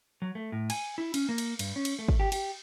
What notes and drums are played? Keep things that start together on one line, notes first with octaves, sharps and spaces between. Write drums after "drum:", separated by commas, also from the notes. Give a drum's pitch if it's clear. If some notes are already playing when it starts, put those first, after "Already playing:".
F#3
A3
A2
G#5, drum: cymbal
E4
C#4, drum: cymbal
A#3
drum: cymbal
G2, drum: cymbal
C#4
drum: cymbal
A3
drum: kick
G4
G4, drum: cymbal